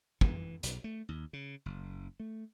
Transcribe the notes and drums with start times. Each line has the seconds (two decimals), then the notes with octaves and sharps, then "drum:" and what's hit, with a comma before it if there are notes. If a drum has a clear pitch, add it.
0.21 E3, drum: kick
0.63 B1, drum: hi-hat
0.84 A3
1.09 D#2
1.33 C#3
1.66 F#1
2.20 A3